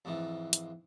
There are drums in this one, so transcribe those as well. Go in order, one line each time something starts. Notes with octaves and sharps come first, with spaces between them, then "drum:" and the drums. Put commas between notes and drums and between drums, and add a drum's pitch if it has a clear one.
F2 G#2 E3
drum: hi-hat